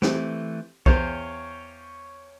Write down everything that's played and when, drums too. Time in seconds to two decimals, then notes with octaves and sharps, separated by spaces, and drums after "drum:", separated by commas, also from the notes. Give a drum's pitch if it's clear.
0.02 E3 A3 C4 G4, drum: snare
0.86 E2 C5 C#5 F5 G5 C6, drum: kick B1